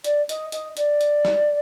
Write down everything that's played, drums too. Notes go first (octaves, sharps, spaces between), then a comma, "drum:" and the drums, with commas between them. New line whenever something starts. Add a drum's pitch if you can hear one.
D5, drum: hi-hat
D#5, drum: hi-hat
D#5, drum: hi-hat
D5, drum: hi-hat
drum: hi-hat
drum: snare